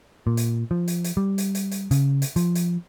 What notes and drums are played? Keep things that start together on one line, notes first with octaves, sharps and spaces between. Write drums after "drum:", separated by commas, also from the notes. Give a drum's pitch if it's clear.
A#2
drum: hi-hat
F3
drum: hi-hat
drum: hi-hat
G3
drum: hi-hat
drum: hi-hat
drum: hi-hat
C#3, drum: hi-hat
drum: hi-hat
F3, drum: hi-hat
drum: hi-hat